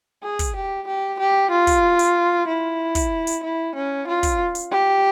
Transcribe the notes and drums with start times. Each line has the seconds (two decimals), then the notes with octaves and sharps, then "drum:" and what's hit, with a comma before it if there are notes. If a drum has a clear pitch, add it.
0.23 G#4
0.39 drum: kick, hi-hat
0.55 G4
0.86 G4
1.19 G4
1.51 F4
1.67 drum: kick, hi-hat
1.99 drum: hi-hat
2.47 E4
2.95 drum: kick, hi-hat
3.27 drum: hi-hat
3.43 E4
3.75 C#4
4.07 F4
4.23 drum: kick, hi-hat
4.55 drum: hi-hat
4.71 G4